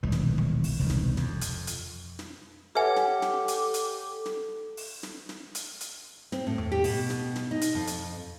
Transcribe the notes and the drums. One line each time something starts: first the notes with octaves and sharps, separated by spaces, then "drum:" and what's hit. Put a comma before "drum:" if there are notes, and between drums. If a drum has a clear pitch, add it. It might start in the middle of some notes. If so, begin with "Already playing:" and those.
D#1 B1 E3 G#3
drum: snare
drum: tom C#3
drum: open hi-hat
E1 C2 B2 D#3
drum: snare
F2, drum: snare
drum: hi-hat
drum: hi-hat
drum: snare
G4 A4 B4 C#5 E5 F#5 G#5
drum: snare
drum: snare
drum: hi-hat
drum: hi-hat
drum: snare
drum: open hi-hat
drum: snare
drum: snare
drum: hi-hat
drum: hi-hat
C4, drum: snare
A2
drum: tom E2
G4
B2, drum: open hi-hat
drum: snare
drum: snare
D#4
drum: hi-hat
F2
drum: hi-hat